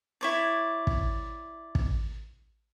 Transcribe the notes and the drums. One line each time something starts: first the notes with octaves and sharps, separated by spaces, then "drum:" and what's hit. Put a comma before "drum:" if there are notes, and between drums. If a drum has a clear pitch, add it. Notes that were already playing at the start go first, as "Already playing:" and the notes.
E4 C#5 D5
drum: kick
drum: kick